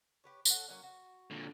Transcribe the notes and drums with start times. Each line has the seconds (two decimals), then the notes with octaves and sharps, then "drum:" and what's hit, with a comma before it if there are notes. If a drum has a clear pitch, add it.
0.24 G4 B4 C#5
0.45 C#4 A4 F#5, drum: tambourine
0.68 F#3 A#3 C#4
0.83 F#4
1.30 A#2 D3